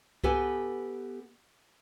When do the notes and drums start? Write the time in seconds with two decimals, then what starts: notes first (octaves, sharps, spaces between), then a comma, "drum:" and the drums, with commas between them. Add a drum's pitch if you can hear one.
0.24 B3 G4 A4 B4 G#5, drum: kick C2